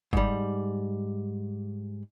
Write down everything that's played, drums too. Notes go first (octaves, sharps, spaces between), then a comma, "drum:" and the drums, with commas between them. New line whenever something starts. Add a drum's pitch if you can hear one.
G#2 G3, drum: kick